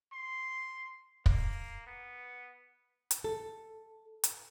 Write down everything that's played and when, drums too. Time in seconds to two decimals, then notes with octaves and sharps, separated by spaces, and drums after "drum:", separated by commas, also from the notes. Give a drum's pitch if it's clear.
0.13 C6
1.26 A#3, drum: kick
1.87 B3
3.11 drum: hi-hat
3.24 A4
4.24 drum: hi-hat